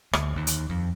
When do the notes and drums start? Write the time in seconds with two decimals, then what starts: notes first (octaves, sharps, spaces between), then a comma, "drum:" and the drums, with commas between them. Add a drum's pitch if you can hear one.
0.13 D2, drum: rim click
0.36 D#2
0.47 drum: hi-hat
0.70 F2